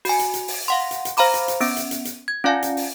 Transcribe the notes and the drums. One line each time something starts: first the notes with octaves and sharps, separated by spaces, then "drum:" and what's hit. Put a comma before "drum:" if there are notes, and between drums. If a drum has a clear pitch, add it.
F#4 G#5, drum: open hi-hat
drum: hi-hat
drum: hi-hat
drum: open hi-hat
F5 F#5 C6
drum: hi-hat
drum: hi-hat
C5 F5 A#5 B5 D6, drum: open hi-hat
drum: hi-hat
drum: hi-hat
B3 C#4 D7, drum: open hi-hat
drum: hi-hat
drum: hi-hat
drum: hi-hat
G#6
C#4 F4 D5 F5 G#5 A5
drum: hi-hat
drum: open hi-hat